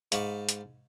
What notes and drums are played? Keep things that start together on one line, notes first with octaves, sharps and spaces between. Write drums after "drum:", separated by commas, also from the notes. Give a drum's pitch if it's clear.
G#2 F5 B5 C#6 D6, drum: hi-hat
drum: hi-hat